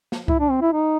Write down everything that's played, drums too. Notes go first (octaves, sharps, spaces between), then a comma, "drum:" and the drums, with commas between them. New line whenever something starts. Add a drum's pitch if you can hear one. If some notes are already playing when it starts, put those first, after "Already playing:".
drum: snare
E4, drum: kick C2
D4
C4
E4
D#4